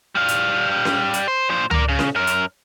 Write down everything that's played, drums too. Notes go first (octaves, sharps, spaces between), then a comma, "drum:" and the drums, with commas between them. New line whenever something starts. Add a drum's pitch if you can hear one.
G3 F5
drum: hi-hat
drum: snare C#4
drum: hi-hat
C5
A#2 C5
A#4 D5, drum: tom C#2
C#3
drum: snare C#4
F#2 A#4
drum: hi-hat